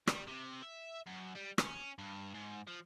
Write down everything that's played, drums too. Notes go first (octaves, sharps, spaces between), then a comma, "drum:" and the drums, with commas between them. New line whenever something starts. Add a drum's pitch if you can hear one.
G3, drum: rim click
C3
E5
F#2
G3
C#4, drum: rim click
G2
G#2
F3